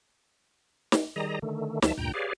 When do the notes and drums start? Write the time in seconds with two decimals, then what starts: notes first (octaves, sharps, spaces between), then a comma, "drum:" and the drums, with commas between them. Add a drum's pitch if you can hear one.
0.92 drum: snare
1.16 D#3 G3 G#4 D#5 A#5
1.42 D3 D#3 A3
1.82 D2 F3 E5 A5, drum: snare
1.98 D2 G2 A#2 G5 A#5 G6
2.14 G4 G#4 B4 C#5 D5 F5